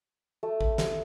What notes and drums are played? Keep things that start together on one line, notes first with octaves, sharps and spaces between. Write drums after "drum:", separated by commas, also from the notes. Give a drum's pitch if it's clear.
A3
drum: kick A1
drum: snare